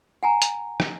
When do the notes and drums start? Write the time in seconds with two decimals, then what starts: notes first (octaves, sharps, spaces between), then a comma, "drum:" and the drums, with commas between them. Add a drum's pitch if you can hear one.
0.23 F#5 G#5 A#5
0.42 drum: hi-hat
0.80 drum: rim click